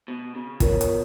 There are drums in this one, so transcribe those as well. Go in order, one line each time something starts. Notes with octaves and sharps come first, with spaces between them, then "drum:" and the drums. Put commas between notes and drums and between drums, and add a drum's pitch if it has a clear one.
B2
C#3
B2 F4 A#4 C#5, drum: kick, hi-hat
drum: hi-hat